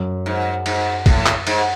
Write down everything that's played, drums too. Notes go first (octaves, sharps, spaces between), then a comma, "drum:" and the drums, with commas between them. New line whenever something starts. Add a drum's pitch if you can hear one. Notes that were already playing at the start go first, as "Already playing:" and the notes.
Already playing: F#2
G#2
G#2, drum: cymbal
A2, drum: kick, cymbal
drum: clap
G#2, drum: cymbal